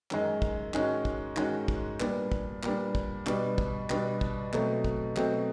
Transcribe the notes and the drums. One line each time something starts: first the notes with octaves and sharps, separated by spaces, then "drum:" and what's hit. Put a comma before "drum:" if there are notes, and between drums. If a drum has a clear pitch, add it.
F#2 D#3 G#3, drum: clap
drum: kick
G#2 D#3 G#3 C#4 F#4, drum: clap
drum: kick
G#2 D#3 G#3 C#4 F#4, drum: clap
drum: kick
A#2 G3 B3 D4, drum: clap
drum: kick
A#2 G3 B3 D4, drum: clap
drum: kick
B2 G3 B3 D4, drum: clap
drum: kick
B2 G3 B3 D4, drum: clap
drum: kick
B2 F#3 A3 C4, drum: clap
drum: kick
B2 F#3 A3 C4, drum: clap